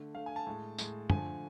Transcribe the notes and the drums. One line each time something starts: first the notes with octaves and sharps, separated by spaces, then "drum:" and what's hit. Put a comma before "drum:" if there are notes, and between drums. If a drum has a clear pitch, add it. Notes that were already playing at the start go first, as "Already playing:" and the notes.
Already playing: D3 A3
D3 A3 F5
G#5
A5
A2 G#3
A2 G#3, drum: tambourine
D3 F3 A3 G#5, drum: tom